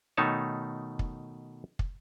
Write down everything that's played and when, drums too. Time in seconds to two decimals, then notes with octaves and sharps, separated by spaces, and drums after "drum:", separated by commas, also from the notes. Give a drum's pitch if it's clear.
0.17 B2 D#3 A3 D#4 C#5 A5
0.99 drum: kick
1.79 drum: kick